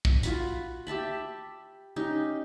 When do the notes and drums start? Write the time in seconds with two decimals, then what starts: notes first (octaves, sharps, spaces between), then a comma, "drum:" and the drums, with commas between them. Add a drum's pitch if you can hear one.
0.05 drum: kick
0.23 F4 F#4 B5, drum: hi-hat
0.87 G4 E5 A5 B5
1.96 C#4 D#4 G4